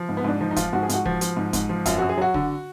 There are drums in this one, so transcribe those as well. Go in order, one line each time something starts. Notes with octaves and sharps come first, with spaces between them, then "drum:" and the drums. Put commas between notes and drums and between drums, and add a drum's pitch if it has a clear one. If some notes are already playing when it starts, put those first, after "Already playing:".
Already playing: F3
G#2
B3
G#2 D4
F3 D#4
D#4
F3 F4, drum: kick, hi-hat
G#2 F#4
G#4
G#2 F#4, drum: hi-hat
F3, drum: kick
F3, drum: hi-hat
G#2
G#2, drum: kick, hi-hat
F3
F#2 F4, drum: kick, hi-hat
F#4
F#2
G#4
F#3 F#4
D3, drum: kick